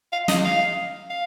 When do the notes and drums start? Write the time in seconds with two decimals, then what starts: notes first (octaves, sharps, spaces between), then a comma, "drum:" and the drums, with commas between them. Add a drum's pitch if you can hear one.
0.12 F5
0.28 D#5, drum: snare
0.44 F5
1.10 F5